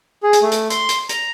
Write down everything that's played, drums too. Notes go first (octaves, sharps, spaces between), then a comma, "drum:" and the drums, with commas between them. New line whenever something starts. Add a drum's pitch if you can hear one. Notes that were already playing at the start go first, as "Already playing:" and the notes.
G#4
drum: hi-hat
A3
drum: hi-hat
C6, drum: hi-hat
drum: hi-hat
A#5, drum: hi-hat